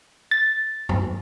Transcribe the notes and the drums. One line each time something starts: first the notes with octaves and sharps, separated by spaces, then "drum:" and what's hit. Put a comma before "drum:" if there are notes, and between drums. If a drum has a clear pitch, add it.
A6
drum: tom F#2